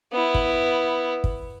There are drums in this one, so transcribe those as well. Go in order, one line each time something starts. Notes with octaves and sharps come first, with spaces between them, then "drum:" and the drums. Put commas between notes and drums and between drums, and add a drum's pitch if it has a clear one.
B3 E4
drum: kick
drum: kick